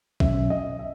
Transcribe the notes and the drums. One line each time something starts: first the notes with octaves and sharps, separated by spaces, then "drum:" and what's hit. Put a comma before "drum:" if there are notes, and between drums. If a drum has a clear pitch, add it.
B2 F#3 C#4 E5, drum: kick A#1
D#5
E5